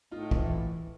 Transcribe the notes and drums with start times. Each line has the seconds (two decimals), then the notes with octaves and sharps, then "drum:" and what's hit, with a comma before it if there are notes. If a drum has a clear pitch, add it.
0.11 A2 D#4 F4
0.31 E3, drum: kick